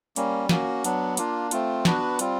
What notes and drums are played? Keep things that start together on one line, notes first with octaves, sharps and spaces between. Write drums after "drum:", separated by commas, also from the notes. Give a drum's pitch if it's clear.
G3 A#3 C#4, drum: hi-hat
A#3 C#4 F#4, drum: snare
F#3 B3 D4, drum: hi-hat
A#3 D4 F4, drum: hi-hat
A3 C4 F4, drum: hi-hat
B3 D4 F#4 B4, drum: snare
G3 C4 F4, drum: hi-hat